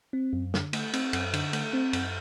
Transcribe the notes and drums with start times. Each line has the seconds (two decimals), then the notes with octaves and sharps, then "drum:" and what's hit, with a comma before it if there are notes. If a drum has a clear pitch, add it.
0.13 C4
0.33 F#2
0.54 D3, drum: snare
0.73 A3, drum: cymbal
0.93 C4, drum: cymbal
1.13 F#2, drum: cymbal
1.33 D3, drum: cymbal
1.53 A3, drum: cymbal
1.73 C4
1.93 F#2, drum: cymbal